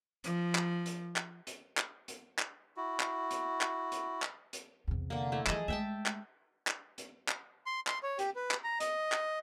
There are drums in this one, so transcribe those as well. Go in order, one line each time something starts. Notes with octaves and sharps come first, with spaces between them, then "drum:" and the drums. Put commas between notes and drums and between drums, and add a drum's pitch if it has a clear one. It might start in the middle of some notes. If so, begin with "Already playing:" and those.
F3, drum: hi-hat
drum: clap
drum: hi-hat
drum: clap
drum: hi-hat
drum: clap
drum: hi-hat
drum: clap
E4 F#4
drum: clap
drum: hi-hat
drum: clap
drum: hi-hat
drum: clap
drum: hi-hat
E2 C3
D3 A#3
A3 E4
E3 F3 G#4 D#5 A5, drum: clap
G#3 A3 E5 G5 A5
drum: clap
drum: clap
drum: hi-hat
drum: clap
C6
C6, drum: clap
C#5
G4, drum: hi-hat
B4
drum: clap
A#5
D#5, drum: hi-hat
drum: clap